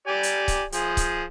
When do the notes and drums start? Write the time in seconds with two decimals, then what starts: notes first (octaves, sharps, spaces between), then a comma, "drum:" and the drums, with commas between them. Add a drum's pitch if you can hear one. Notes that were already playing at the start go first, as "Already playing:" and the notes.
0.08 G4 D5 G#5
0.23 drum: hi-hat
0.48 drum: kick C#1, hi-hat
0.72 F3 G#4, drum: hi-hat
0.97 drum: kick C#1, hi-hat